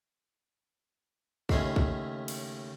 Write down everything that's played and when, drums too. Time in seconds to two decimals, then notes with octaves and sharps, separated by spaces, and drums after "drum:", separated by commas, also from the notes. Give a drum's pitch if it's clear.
1.49 D#2 A2 C#3 D#5 B5 C6, drum: kick
1.76 drum: kick
2.28 drum: cymbal